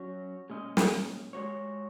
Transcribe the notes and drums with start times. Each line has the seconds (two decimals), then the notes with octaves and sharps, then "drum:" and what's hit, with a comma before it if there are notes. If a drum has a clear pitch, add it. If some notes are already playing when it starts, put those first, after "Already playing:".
Already playing: F#3 C#4 F#4 C#5
0.50 A#2 G#3 C#4 G#4 D#5
0.77 drum: snare
1.33 G#3 F#4 C#5